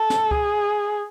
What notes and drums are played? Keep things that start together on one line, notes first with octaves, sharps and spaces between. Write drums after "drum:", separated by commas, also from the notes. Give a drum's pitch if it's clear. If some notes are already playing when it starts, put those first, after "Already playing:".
Already playing: A4
drum: snare
G#4, drum: kick C#2